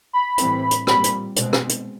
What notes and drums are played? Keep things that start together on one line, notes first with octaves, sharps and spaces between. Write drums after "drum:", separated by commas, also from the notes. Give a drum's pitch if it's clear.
B5
A2 E3 G3 C4, drum: hi-hat
drum: hi-hat
A#2 G3 C4 B5, drum: rim click
drum: hi-hat
B2 G#3 C4, drum: hi-hat
drum: rim click
drum: hi-hat